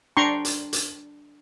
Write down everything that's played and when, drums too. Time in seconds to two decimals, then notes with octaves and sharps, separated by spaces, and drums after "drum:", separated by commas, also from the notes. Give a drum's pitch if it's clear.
0.17 D4 G5 A#5 C6 C#6
0.45 drum: hi-hat
0.73 drum: hi-hat